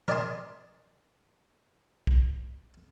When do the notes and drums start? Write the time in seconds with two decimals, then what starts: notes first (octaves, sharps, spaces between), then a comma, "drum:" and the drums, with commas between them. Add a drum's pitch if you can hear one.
0.08 A#4 D5 D#5 G#5 A5 C6, drum: tom F3
2.07 drum: kick B1